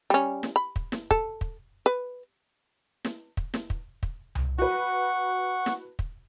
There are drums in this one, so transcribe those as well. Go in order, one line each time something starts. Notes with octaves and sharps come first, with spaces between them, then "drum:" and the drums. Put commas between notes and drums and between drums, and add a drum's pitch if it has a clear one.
G3 C#4
drum: snare
B5
drum: kick
drum: snare
A4, drum: kick
drum: kick
B4
drum: snare
drum: kick
drum: snare
drum: kick
drum: kick
drum: tom C2
F#4 B4 F#5 C#6
drum: snare
drum: kick